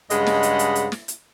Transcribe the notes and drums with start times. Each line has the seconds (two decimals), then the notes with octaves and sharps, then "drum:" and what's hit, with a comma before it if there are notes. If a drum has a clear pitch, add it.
0.10 G2 C#3 G#3 D#5 F#5 B5, drum: hi-hat
0.26 drum: snare
0.43 drum: hi-hat
0.59 drum: hi-hat
0.75 drum: hi-hat
0.92 drum: snare
1.08 drum: hi-hat